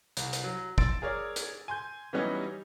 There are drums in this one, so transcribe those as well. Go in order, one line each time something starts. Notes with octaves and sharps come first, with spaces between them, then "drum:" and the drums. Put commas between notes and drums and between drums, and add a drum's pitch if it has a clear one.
C2, drum: hi-hat
drum: hi-hat
F#3
C6 E6 A6 D7, drum: kick G1
G#4 A#4 C#5 D5
drum: hi-hat
G#5 C6 G6
E3 F#3 G3 B3 C#4 D#4